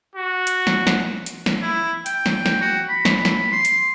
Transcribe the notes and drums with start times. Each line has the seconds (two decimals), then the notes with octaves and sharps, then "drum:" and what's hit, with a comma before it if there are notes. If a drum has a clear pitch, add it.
0.16 F#4
0.47 drum: hi-hat
0.67 drum: snare
0.87 drum: snare
1.26 drum: hi-hat
1.46 drum: snare
1.62 E4
2.06 G5, drum: hi-hat
2.26 drum: snare
2.46 drum: snare
2.61 F#4
2.89 B5
3.05 drum: snare
3.25 drum: snare
3.52 C6
3.65 drum: hi-hat